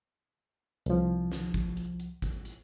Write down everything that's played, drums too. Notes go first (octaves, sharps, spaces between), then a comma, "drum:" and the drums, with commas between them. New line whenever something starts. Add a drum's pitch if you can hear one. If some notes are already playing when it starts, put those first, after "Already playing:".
C2 F3, drum: hi-hat
drum: snare
drum: kick A1, hi-hat
drum: hi-hat
drum: hi-hat
drum: kick A1, hi-hat
drum: hi-hat